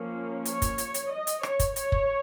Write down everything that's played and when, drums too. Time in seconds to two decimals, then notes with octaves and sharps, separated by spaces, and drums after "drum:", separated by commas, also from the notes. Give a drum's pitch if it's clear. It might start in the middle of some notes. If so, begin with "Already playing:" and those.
Already playing: F3 A#3 C#4
0.45 C#5, drum: hi-hat
0.62 drum: kick, hi-hat
0.78 drum: hi-hat
0.94 drum: hi-hat
1.11 D#5
1.27 drum: hi-hat
1.43 C#5, drum: rim click
1.59 drum: kick, hi-hat
1.76 C#5, drum: hi-hat
1.92 drum: kick